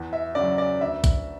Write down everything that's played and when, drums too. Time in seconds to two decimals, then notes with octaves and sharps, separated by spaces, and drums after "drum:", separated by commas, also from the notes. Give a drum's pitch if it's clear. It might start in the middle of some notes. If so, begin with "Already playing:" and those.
Already playing: E2
0.13 E5
0.35 C#3 F#3 D5
0.58 D5
0.81 D2 E5
1.04 drum: kick, hi-hat